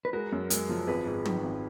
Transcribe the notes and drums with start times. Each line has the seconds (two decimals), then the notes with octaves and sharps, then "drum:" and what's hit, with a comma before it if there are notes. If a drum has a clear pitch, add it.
0.05 B4
0.13 G#3 F#4 A#4
0.32 F#2
0.50 G#3, drum: hi-hat
0.69 F3
0.87 G#1 G#4 B4
1.06 G#2
1.25 D#3, drum: tom
1.43 G#1